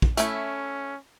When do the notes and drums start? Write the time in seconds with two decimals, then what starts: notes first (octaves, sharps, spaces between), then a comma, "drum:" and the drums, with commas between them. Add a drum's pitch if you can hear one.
0.02 drum: kick
0.17 A3 C#4 E4, drum: hi-hat